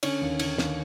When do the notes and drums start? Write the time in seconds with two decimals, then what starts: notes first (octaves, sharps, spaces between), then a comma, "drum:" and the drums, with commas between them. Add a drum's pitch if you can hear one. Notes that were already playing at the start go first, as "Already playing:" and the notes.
0.03 D3 C#4, drum: cymbal
0.21 D#2
0.39 D3, drum: cymbal
0.58 D#2, drum: snare